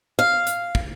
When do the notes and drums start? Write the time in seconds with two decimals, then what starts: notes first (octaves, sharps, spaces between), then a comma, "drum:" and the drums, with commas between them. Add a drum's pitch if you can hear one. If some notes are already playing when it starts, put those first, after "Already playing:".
0.19 F5
0.47 drum: hi-hat
0.75 drum: kick